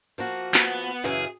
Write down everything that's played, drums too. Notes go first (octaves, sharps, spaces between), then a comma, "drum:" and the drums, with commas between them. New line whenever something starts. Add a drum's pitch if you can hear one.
F3 A#3 F#4
B3, drum: clap
F#2 C#3 E3 G#4